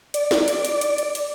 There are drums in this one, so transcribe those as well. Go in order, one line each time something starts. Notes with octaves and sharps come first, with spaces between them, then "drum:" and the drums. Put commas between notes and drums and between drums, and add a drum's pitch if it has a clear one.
D5, drum: hi-hat
drum: snare
drum: hi-hat
drum: hi-hat
drum: hi-hat
drum: hi-hat
drum: hi-hat